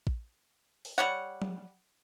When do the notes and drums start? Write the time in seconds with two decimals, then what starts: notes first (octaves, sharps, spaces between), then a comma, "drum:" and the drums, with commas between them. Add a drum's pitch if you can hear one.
0.07 drum: kick
0.85 drum: open hi-hat
0.98 G3 C#5 F#5
1.42 drum: tom